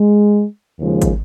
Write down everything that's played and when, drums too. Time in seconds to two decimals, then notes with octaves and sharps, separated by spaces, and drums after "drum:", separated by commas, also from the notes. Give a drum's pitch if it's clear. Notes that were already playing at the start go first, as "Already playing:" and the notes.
Already playing: G#3
0.79 D#2 C#3 F3 G#3
1.02 drum: kick, hi-hat